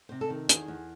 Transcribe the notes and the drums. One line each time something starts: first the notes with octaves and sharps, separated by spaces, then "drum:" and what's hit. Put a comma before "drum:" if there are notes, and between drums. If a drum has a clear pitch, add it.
C3 C5
A4
D#3
E2 G#4, drum: hi-hat
E2